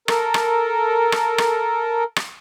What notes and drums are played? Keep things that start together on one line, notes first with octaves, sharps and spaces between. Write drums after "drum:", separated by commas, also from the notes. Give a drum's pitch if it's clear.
A4 A#4, drum: rim click
drum: rim click
drum: rim click
drum: rim click
drum: rim click